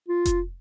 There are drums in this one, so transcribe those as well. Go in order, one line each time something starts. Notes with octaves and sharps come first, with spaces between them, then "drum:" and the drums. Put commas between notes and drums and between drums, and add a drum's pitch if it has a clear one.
F4
drum: kick F1, hi-hat